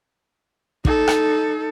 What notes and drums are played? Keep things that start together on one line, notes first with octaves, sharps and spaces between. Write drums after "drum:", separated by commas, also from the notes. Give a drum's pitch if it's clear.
D#4 A4, drum: kick
drum: rim click